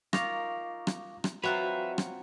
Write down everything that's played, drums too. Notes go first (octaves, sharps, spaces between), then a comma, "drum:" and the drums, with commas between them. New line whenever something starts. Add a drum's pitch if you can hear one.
D#4 F4 A#4 F5 C#6 D6 A#6 F7, drum: rim click
drum: rim click
drum: rim click
F#3 C4 F4 F#4 B4 E5 F#6 F7
drum: rim click